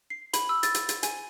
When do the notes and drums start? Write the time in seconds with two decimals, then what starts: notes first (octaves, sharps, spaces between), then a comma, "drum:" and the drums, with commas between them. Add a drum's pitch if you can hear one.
0.10 C7
0.33 B5, drum: hi-hat
0.49 E6
0.63 A6, drum: hi-hat
0.75 drum: hi-hat
0.89 drum: hi-hat
1.03 G#5, drum: hi-hat